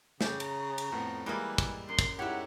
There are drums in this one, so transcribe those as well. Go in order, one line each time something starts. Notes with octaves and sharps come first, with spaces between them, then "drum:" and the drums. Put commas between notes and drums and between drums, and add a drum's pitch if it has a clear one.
C#3 G4, drum: snare
A#5, drum: cymbal
drum: cymbal
F2 A2 B3
E3 G3 G#3 A#3 E4 D#5
drum: kick, cymbal
F#2 C6
drum: kick, cymbal
G#2 E4 G4 C#5 E5 F#5